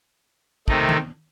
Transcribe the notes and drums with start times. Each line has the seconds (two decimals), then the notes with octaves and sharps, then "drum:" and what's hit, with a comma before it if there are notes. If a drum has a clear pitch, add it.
0.68 C3 D#3 A3 D#4, drum: kick
0.89 drum: tom D#3